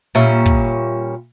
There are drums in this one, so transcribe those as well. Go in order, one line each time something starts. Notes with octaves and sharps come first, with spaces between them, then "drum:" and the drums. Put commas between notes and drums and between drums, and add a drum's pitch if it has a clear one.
A#2 G3 C#4 E5
drum: kick